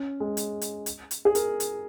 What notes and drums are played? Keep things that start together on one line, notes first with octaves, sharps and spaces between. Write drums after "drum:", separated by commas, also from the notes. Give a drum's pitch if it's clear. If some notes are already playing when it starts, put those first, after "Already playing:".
Already playing: C#4
G#3
drum: hi-hat
drum: hi-hat
drum: hi-hat
drum: hi-hat
G#4
A#4, drum: hi-hat
drum: hi-hat